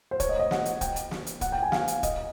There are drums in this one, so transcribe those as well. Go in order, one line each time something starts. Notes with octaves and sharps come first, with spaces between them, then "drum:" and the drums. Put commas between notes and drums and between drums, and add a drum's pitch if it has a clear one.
C5
C#5, drum: kick, hi-hat
D#5
D#5
F#5, drum: snare
drum: hi-hat
G5, drum: kick, hi-hat
drum: hi-hat
drum: snare
drum: hi-hat
F#5, drum: kick, hi-hat
G5
G#5
F5, drum: snare
drum: hi-hat
D#5, drum: kick, hi-hat